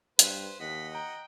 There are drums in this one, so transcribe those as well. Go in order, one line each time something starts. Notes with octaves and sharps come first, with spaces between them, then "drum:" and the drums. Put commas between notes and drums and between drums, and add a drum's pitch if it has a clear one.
G2 B4 C5, drum: hi-hat
D#2 D#5 F#5 B6
G5 A#5